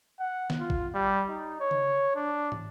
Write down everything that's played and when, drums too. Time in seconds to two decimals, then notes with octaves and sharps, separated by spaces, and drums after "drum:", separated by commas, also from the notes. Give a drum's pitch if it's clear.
0.20 F#5
0.50 drum: snare
0.60 F4
0.70 drum: kick
0.95 G3
1.31 D#4
1.60 C#5
1.71 drum: tom C#3
2.15 D4
2.52 drum: tom